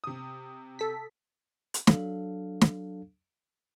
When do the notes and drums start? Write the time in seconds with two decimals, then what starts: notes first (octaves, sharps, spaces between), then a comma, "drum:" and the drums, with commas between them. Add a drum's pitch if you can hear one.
0.04 C3 D#6
0.79 A4 B6
1.74 drum: hi-hat
1.87 F#3 D4 A4 F5, drum: snare
2.61 drum: snare